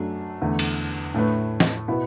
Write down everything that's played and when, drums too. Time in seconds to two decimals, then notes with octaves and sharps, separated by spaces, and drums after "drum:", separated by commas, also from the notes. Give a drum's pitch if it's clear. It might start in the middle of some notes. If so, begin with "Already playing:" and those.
Already playing: F#2 F#3 A3 D4
0.41 E2 D3 A3
0.59 drum: cymbal
1.14 A2 A3 D4 B4
1.60 drum: snare
1.88 B2 B3 E4 B4